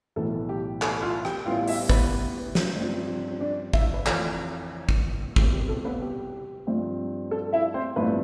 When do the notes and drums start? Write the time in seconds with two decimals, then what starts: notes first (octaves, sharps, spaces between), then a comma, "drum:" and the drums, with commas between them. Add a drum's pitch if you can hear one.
0.16 B1 A2 E3 B3 A4
0.49 G4
0.82 A4, drum: clap
1.02 F4 F5
1.25 G4 G5, drum: rim click
1.46 A1 A2 G3 B3 F4 F5
1.68 E4 E5, drum: open hi-hat
1.89 B3 B4, drum: kick
2.55 drum: snare
2.76 G2 F3 C4
3.41 D4 D5
3.73 E4 E5, drum: kick
3.94 B4
4.06 F2 E3 A3 C4 A4, drum: clap
4.89 drum: kick
5.36 C2 B2 A3 C4 G4, drum: kick
5.52 G4
5.69 A4
5.85 B3 B4
6.02 G4
6.67 G2 F3 A3 C4
7.31 A4
7.53 E4 E5
7.74 C4 C5
7.96 A1 G2 F3 A3 B3 C4 B4